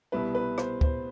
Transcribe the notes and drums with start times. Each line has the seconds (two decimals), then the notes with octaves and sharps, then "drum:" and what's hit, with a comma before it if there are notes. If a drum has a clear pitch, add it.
0.12 C2 B2 G3 B3 E4 B4
0.35 B4
0.58 C5, drum: rim click
0.81 C5, drum: kick